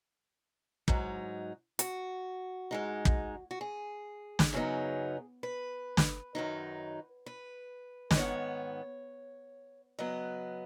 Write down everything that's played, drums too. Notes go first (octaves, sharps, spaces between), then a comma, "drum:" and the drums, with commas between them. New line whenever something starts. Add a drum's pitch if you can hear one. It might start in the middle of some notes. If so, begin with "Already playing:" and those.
G#2 F#3 D#4, drum: kick
F#4, drum: hi-hat
G#2 G#3 D#4
drum: kick
F#4
G#4
drum: snare
F#2 C#3 F#3 B3 D#4
B4
drum: snare
F#2 D#3 F#3 D#4
B4
D#5, drum: snare
G#2 D#3 B3 C#5
C#3 F#3 B3 D#5